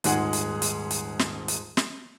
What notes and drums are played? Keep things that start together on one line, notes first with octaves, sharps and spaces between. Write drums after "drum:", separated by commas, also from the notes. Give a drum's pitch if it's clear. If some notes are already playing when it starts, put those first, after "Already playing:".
D#1 G#2 G#3 G#4 F#5 G#5, drum: hi-hat
drum: hi-hat
drum: hi-hat
drum: hi-hat
drum: snare
drum: hi-hat
drum: snare